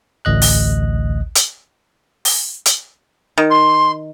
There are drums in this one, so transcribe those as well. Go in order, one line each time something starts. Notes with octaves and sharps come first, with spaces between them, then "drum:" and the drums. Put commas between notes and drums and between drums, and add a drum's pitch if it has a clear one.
A1 D2 D#5 F#6
drum: open hi-hat
drum: hi-hat
drum: open hi-hat
drum: hi-hat
D#3
C6